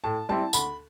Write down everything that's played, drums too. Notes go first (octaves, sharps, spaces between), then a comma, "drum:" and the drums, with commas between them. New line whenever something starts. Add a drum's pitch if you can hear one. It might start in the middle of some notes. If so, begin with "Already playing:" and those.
A2 A5
G3 C4 E4 A5
D2 B5, drum: tambourine